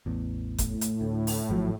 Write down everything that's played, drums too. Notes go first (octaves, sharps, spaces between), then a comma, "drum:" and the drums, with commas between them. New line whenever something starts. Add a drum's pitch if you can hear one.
A1 E2
A2, drum: kick F#1, hi-hat
drum: hi-hat
D2
drum: open hi-hat
G#1 F3 F#3